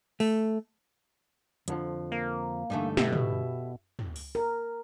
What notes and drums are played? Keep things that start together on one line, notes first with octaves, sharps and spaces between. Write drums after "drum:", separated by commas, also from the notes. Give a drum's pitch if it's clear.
A3, drum: open hi-hat
F2 D3 F3, drum: hi-hat
A#3
G2 D3 E3 A3 D#4
B2 E4 G4 A4, drum: snare
drum: tom
drum: tom
drum: open hi-hat
A#4